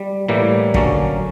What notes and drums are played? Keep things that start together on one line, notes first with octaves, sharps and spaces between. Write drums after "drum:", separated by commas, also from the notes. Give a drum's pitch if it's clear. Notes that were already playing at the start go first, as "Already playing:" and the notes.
Already playing: G3
A2 E3 G3 A#3
D3 F#3 A#3 C#4, drum: kick